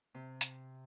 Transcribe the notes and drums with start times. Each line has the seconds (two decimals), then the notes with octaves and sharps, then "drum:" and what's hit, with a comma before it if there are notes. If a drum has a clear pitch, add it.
0.14 C3
0.41 drum: hi-hat